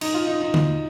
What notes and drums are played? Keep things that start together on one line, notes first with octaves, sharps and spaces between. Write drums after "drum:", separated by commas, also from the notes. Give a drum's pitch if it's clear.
D#4, drum: cymbal
F4
D#4
D#4
drum: tom D3